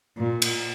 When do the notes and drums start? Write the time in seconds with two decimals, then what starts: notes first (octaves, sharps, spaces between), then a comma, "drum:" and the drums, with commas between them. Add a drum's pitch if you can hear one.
0.18 A#2
0.42 drum: cymbal